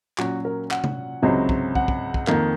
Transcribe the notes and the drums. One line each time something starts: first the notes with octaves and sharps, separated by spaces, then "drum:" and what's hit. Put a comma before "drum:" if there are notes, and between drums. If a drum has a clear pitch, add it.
A#2 F#3 C#4 F#4, drum: clap
A#4
F#5, drum: clap
drum: tom C3
C#2 C3 F#3 C4 D#4
drum: kick
F#5, drum: kick
drum: kick
drum: kick
F2 D#3 A#3, drum: clap